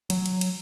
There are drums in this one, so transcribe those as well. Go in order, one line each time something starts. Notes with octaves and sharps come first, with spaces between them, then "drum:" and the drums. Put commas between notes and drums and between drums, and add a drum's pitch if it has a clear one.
F#3, drum: cymbal
drum: cymbal
drum: cymbal